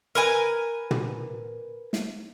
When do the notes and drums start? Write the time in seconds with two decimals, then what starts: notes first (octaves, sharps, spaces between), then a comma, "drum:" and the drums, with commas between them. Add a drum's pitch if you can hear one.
0.15 A#4 B4 G#5
0.91 drum: tom
1.93 drum: snare